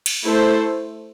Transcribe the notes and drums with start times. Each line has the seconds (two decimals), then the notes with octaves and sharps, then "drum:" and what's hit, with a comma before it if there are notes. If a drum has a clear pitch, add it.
0.06 drum: cymbal
0.25 A3 E4 A4 C5